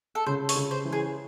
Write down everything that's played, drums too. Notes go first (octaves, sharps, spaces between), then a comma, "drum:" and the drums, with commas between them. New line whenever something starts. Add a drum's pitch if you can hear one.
A4
C#3 C5
C#5, drum: open hi-hat
C#3
C5
E3
G#4